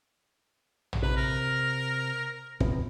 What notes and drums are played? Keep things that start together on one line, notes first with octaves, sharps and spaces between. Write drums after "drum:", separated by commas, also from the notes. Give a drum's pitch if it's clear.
drum: tom
C3 B4
A#4
E2 C3 B3, drum: kick